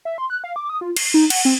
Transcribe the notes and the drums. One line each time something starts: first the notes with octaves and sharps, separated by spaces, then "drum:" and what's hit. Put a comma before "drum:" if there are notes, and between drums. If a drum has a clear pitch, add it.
E5
C6
F#6
F5
D6
D#6
F4
C7, drum: cymbal
D#4
F#5, drum: cymbal
C4